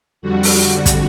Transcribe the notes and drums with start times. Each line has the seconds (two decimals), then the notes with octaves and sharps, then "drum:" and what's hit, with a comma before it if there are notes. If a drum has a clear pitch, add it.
0.22 F2 D3 G3 F#4
0.43 drum: open hi-hat
0.86 drum: kick, hi-hat